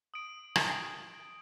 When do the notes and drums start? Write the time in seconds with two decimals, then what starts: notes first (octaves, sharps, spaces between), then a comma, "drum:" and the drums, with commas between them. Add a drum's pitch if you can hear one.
0.14 D#6 D7
0.56 drum: rim click